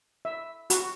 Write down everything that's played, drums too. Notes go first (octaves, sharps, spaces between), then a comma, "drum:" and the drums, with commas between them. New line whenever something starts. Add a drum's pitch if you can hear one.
E5
F#4, drum: hi-hat